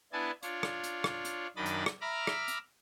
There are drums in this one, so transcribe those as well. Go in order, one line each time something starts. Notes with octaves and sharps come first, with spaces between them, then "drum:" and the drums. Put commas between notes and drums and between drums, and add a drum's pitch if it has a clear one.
B3 D4 E4 G#5 A5
D4 F4 C#5, drum: hi-hat
drum: rim click
drum: hi-hat
drum: rim click
drum: hi-hat
F#2 D#3 D4 D#5 B5 A6
drum: hi-hat
drum: rim click
E5 A#5 B5 D6 F6
drum: rim click
drum: hi-hat